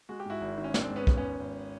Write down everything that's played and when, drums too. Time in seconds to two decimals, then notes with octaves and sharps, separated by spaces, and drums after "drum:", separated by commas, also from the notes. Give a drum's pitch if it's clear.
0.09 G#3 F#4
0.20 G4
0.26 G#2 E4 F#4
0.41 G#1
0.58 D#3
0.64 C#4
0.74 G#3 C4 D4, drum: snare
0.90 G#2
0.96 B3 C#4
1.07 G#1, drum: kick
1.17 B3 C#4
1.23 G#1
1.39 G#1